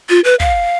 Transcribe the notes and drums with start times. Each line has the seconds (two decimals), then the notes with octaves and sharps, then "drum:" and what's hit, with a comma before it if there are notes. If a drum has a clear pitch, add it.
0.09 F4
0.24 B4
0.40 F5, drum: kick